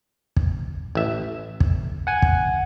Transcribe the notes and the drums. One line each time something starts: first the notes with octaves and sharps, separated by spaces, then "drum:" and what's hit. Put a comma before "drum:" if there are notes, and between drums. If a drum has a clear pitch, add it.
drum: kick
A1 E5
drum: kick
F#5 G#5
drum: kick